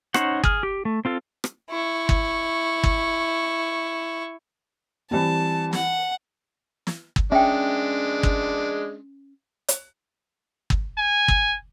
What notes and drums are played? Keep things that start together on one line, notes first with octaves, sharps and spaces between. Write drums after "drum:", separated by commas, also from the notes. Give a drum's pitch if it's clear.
C#4 D#4 C5 C#5 F#5, drum: rim click
G#4 F6, drum: kick
G4
A3
C4 F4 A4
drum: rim click
E4 C#6
drum: kick
drum: kick
E3 G3 C4 A5
F#5, drum: snare
drum: snare
drum: kick
G#3 C#4 D4 E5 G5
drum: kick
drum: hi-hat
drum: kick
G#5
drum: kick